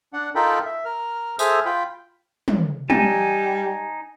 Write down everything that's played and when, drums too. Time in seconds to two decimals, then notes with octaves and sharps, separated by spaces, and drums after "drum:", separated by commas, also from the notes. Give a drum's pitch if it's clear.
0.13 D4 F#5
0.35 D#4 F4 A4 A#4 G5 B5
0.65 E5
0.85 A#4 F6
1.39 G#4 A4 C5 E5 D#6 F6, drum: tambourine
1.65 F4 G5 B5
2.48 drum: tom
2.90 G3 D#4 G#5 A5, drum: tom